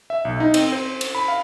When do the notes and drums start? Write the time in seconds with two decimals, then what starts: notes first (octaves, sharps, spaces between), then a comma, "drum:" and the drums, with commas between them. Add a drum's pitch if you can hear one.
0.10 E5
0.25 B1
0.40 D#4
0.54 C4, drum: cymbal
0.72 C5
1.01 drum: cymbal
1.15 B5
1.28 F5